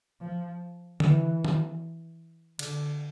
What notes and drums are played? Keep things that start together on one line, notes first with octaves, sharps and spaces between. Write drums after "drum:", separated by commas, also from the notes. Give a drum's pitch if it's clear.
F3
E3, drum: tom D3
drum: tom D#3
D3, drum: cymbal